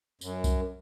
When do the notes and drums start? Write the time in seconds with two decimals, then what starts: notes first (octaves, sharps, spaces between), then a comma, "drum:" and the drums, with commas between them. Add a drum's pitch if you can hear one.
0.21 F#2, drum: tambourine
0.44 drum: kick C2, tambourine